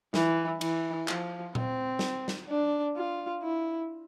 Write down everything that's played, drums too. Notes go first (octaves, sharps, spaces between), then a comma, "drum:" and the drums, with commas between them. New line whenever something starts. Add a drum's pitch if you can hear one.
E3, drum: snare
E3, drum: cymbal
F3, drum: clap
C4, drum: tom A#2
drum: snare
drum: snare
D4
F4
E4